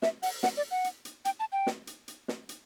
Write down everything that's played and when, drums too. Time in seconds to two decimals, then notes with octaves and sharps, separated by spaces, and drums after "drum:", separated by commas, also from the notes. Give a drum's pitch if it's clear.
0.02 E5, drum: snare
0.23 F#5, drum: open hi-hat
0.43 F#5, drum: snare
0.57 D5
0.71 F#5
0.84 drum: hi-hat
1.05 drum: hi-hat
1.25 G5, drum: hi-hat
1.40 A5
1.52 G5
1.67 drum: snare
1.87 drum: hi-hat
2.08 drum: hi-hat
2.28 drum: snare
2.49 drum: hi-hat